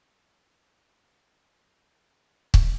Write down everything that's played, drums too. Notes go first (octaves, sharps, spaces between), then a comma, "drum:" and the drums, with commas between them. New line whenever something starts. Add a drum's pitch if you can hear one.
E4 E5
drum: kick